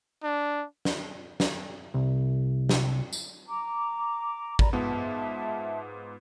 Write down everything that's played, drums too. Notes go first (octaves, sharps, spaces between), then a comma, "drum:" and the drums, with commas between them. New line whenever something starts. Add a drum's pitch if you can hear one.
D4
drum: snare
drum: snare
C2
drum: snare
drum: tambourine
A#5 D6
D5 A#5 B5, drum: kick
G#2 B3 F4 E5 A5